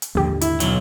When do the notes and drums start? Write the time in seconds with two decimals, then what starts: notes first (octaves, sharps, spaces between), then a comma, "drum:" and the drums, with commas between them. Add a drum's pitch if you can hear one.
0.02 drum: hi-hat
0.15 A#1 D#2 G#2 D3 G4
0.41 E4, drum: hi-hat
0.60 B1 F#3, drum: hi-hat